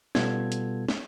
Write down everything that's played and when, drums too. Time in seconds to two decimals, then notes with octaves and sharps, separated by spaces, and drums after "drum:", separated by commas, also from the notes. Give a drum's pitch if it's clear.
0.15 B2 G3 B3 F4 A4 G#6, drum: snare
0.52 drum: hi-hat
0.89 drum: snare